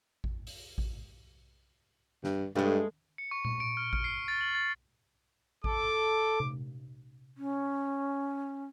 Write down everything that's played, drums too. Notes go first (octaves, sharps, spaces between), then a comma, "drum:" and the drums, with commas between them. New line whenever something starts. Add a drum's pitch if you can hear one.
drum: kick A1
drum: open hi-hat
drum: kick A1
G2, drum: snare
G2 G#3 A3
C#7
C#6
C#6, drum: tom A#2
D7
F6
F6, drum: kick A1
C7
A6
F#7
A6
A4 D6, drum: kick A1
drum: tom C3
C#4